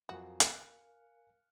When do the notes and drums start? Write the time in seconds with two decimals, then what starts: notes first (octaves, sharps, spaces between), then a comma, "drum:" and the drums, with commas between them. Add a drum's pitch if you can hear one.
0.09 F2 F#3 F#4 A#4 F5 G#5
0.40 F6 F#6 C#7, drum: hi-hat